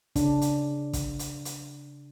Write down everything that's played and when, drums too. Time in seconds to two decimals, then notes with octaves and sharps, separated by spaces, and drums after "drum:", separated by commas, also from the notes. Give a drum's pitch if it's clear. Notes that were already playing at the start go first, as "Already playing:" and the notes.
0.16 C#3 D4, drum: kick, hi-hat
0.42 drum: hi-hat
0.93 drum: kick, hi-hat
1.19 drum: hi-hat
1.45 drum: hi-hat